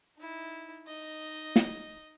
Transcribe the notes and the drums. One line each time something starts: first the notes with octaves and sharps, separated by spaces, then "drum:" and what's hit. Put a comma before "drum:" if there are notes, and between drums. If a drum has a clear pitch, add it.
D#4 E4
D#4 D#5
drum: snare